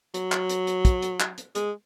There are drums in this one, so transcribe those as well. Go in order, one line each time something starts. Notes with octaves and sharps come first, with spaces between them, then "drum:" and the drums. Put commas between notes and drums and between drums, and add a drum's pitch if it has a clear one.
F#3, drum: hi-hat
drum: clap
drum: hi-hat
drum: hi-hat
drum: kick, hi-hat
drum: hi-hat
drum: clap
drum: hi-hat
G#3, drum: hi-hat